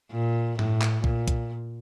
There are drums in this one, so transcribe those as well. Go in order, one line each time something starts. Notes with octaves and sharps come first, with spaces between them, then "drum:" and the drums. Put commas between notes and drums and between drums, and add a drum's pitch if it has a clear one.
A#2
A2, drum: tom G2
drum: clap
A#2, drum: kick B1
drum: kick B1, hi-hat